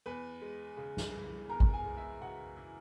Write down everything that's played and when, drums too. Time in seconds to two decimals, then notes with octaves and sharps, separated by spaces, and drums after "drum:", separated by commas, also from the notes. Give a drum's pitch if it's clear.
0.06 E2 B4 B5
0.42 G#3
0.77 C#3
0.97 drum: snare
1.14 E3
1.49 E2 A#4 A#5
1.60 drum: kick
1.73 G#4 G#5
1.85 G#3
1.97 E4 E5
2.21 C#3 F#4 F#5
2.57 E3